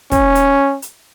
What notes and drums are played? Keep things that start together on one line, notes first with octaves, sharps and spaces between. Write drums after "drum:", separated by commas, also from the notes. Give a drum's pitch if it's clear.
C#4, drum: kick, hi-hat
drum: hi-hat
drum: hi-hat